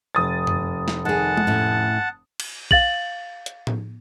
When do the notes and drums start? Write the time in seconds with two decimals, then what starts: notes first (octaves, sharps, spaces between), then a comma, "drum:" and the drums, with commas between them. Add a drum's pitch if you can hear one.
0.15 F1 D#6 A6
0.47 drum: tom F#2
0.88 drum: snare
1.05 D#3 G#4 F#5 A5
1.37 drum: tom G#3
1.47 A2 C#4
2.40 drum: cymbal
2.71 F5 A6 F#7, drum: kick A#1
3.46 drum: hi-hat
3.67 drum: tom A2